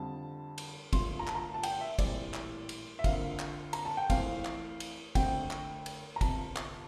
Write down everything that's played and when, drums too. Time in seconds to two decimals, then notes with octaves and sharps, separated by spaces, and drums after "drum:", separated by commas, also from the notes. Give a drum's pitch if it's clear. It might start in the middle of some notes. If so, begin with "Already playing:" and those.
Already playing: F2 D3 G3 A5
0.58 drum: cymbal
0.93 G1 G2 F3 A3 C6, drum: kick, cymbal
1.19 A#5
1.27 A5, drum: clap
1.35 A#5
1.54 A5
1.63 G5, drum: cymbal
1.81 E5
1.98 A#1 A2 E3 G3 C4 D5, drum: kick, cymbal
2.34 drum: clap
2.69 drum: cymbal
2.99 E5
3.04 F2 D3 F3 A#3 F5, drum: kick, cymbal
3.39 drum: clap
3.73 A#5, drum: cymbal
3.85 A5
3.97 G5
4.10 F2 E3 A3 C4 F5, drum: kick, cymbal
4.45 drum: clap
4.80 drum: cymbal
5.15 F2 D3 A3 C4 G5, drum: kick, cymbal
5.51 drum: clap
5.86 drum: cymbal
6.16 A#5
6.21 G1 F2 C3 A5, drum: kick, cymbal
6.56 drum: clap